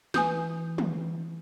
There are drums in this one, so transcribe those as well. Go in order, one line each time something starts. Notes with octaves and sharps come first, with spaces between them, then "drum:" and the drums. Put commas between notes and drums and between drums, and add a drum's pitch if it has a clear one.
E3 G#5 D#6 G6, drum: snare
drum: tom